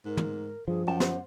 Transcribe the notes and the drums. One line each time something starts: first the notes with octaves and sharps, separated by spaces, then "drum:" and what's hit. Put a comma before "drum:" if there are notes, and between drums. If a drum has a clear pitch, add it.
G#2 A#4
drum: tom
G2 F3 G#4
F#2 F#5 G5 A5
C5, drum: snare